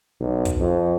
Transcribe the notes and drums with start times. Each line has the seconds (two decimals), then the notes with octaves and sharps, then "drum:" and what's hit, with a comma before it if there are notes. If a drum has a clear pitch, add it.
0.20 B1
0.45 drum: kick, hi-hat
0.59 F2